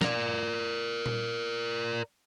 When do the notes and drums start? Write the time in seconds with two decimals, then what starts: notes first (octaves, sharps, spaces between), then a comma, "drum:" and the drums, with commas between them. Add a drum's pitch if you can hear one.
0.01 A#4 D5, drum: snare
1.06 drum: tom A#2